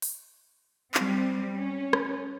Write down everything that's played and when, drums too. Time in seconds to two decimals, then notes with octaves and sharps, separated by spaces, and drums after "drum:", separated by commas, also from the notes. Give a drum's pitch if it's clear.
0.02 drum: open hi-hat
0.94 G3 C4, drum: clap
1.57 C#4
1.93 drum: rim click